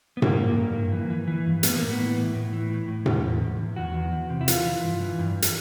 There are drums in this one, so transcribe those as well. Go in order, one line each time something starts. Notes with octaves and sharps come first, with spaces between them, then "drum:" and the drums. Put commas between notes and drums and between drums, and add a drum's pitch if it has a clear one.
B3
G2 A#3, drum: tom A2
G2
G2
G2
E3
E3
E3
G2
A2 B3, drum: hi-hat
A#3
A2
B3
E3
A2
A2
E3
A2
A2
E2, drum: tom A2
E2
E2
E2
E2 F#4
E2
E2
C3
E4
E3 F4, drum: hi-hat
E3
G2
E3
G2
drum: hi-hat